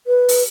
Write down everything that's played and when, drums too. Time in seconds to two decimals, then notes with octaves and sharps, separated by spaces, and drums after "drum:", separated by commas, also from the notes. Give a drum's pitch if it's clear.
0.07 B4
0.29 drum: open hi-hat